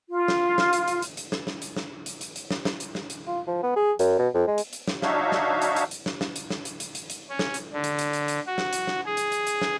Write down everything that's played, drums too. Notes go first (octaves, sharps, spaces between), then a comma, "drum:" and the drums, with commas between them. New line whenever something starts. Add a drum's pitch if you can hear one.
F4
drum: snare
drum: snare
drum: hi-hat
drum: hi-hat
drum: hi-hat
drum: hi-hat
drum: snare
drum: snare
drum: hi-hat
drum: snare
drum: hi-hat
drum: hi-hat
drum: hi-hat
drum: snare
drum: snare
drum: hi-hat
drum: snare
drum: hi-hat
F4
F3
B3
G#4
F#2, drum: hi-hat
B2
F2
G#3
drum: hi-hat
drum: hi-hat
drum: snare
D4 D#4 F#4 C#5 E5 F5, drum: snare
drum: snare
drum: hi-hat
drum: hi-hat
drum: hi-hat
drum: snare
drum: snare
drum: hi-hat
drum: snare
drum: hi-hat
drum: hi-hat
drum: hi-hat
drum: hi-hat
C#4
drum: snare
drum: hi-hat
D3
drum: hi-hat
drum: hi-hat
drum: hi-hat
drum: hi-hat
F#4
drum: snare
drum: hi-hat
drum: snare
G#4
drum: hi-hat
drum: hi-hat
drum: hi-hat
drum: snare